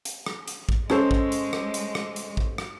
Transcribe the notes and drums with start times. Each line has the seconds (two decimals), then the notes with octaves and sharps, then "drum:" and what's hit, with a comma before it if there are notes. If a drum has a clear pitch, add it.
0.05 drum: hi-hat
0.26 drum: rim click
0.48 drum: hi-hat
0.69 drum: kick
0.90 G#3 C#4 A4 C5, drum: rim click
1.11 drum: kick
1.32 drum: hi-hat
1.53 drum: rim click
1.74 drum: hi-hat
1.95 drum: rim click
2.16 drum: hi-hat
2.37 drum: kick
2.58 drum: rim click